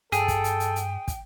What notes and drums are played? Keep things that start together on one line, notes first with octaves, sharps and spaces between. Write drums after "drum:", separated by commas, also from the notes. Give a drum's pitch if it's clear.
G2 G#4 A4 G5, drum: hi-hat
drum: kick, hi-hat
drum: hi-hat
drum: hi-hat
drum: hi-hat
drum: kick, hi-hat